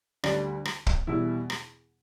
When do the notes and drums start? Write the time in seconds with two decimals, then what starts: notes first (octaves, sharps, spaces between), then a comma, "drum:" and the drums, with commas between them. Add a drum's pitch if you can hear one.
0.24 D2 D3 G3 D4, drum: rim click
0.65 drum: rim click
0.87 drum: kick
1.07 E2 B2 G3 E4
1.50 drum: rim click